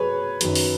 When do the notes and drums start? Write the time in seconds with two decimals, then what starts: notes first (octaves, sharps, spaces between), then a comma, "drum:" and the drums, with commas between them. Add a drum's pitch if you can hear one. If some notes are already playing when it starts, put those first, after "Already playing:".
Already playing: F#3 G#4 B4 C#5
0.41 F#2 D#3 F#3, drum: hi-hat
0.55 drum: open hi-hat